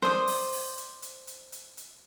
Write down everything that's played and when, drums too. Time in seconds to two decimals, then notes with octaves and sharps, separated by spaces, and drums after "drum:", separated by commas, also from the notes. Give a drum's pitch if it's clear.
0.02 C5 D5 D#6, drum: snare
0.27 drum: open hi-hat
0.52 drum: open hi-hat
0.77 drum: hi-hat
1.02 drum: hi-hat
1.27 drum: hi-hat
1.52 drum: hi-hat
1.77 drum: hi-hat